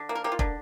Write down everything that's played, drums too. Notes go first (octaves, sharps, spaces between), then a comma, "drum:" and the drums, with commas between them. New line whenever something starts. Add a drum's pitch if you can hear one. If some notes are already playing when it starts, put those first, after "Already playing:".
Already playing: D3
A#3
A#4
A#3 G4
F4
D3 D4, drum: kick